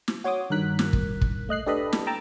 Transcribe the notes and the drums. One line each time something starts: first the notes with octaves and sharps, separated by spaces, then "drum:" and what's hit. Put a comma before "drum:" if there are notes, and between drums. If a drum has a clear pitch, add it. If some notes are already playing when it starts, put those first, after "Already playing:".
drum: snare
F#4 C#5 C6 D6 D#6
G2 D#3 A#4 F#6 B6
drum: snare
drum: kick
drum: kick
A3 D#5 F#6 C7
D4 G4 A4 B4 D#5 B5
drum: snare
G5 A#5 E6 A6